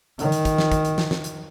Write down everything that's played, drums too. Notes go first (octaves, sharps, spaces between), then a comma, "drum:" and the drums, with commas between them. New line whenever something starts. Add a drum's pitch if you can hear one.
D#3, drum: hi-hat
drum: hi-hat
drum: kick, hi-hat
drum: snare
drum: kick, hi-hat
drum: hi-hat
drum: snare
drum: snare
drum: hi-hat